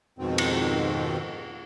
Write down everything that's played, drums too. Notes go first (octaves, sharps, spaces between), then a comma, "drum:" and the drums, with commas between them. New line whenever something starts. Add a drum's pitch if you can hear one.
F2 G#2 B2 D#3 C4
drum: cymbal